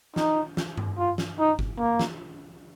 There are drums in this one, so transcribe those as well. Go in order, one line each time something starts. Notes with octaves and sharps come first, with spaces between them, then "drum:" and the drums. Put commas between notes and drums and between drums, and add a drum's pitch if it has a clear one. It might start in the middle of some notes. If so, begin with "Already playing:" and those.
D#4, drum: snare
drum: snare
drum: tom G2
F4
drum: snare
D#4
drum: kick G1
A#3
drum: snare